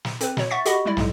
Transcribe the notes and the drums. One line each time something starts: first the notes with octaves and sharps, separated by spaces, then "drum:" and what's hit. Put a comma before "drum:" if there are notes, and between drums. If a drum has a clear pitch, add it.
drum: snare
C4 B4, drum: hi-hat
B2 C#5, drum: snare
E5 F#5 C#6 A6 B6
F#4 G4 D#5 F#5 B5 C#6, drum: hi-hat
G3 G#3 E4 D5
B1 G#2 G#3, drum: snare